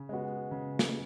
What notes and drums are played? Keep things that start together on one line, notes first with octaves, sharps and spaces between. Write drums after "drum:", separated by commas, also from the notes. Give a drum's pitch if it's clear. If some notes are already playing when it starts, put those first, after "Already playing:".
Already playing: C#3
G#3 B3 F#4
C#3
drum: snare